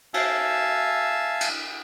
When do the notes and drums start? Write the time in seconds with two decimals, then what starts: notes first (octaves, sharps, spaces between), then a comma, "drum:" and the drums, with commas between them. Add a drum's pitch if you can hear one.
0.14 E5 F5 G#5 A5 E6, drum: cymbal
1.41 drum: cymbal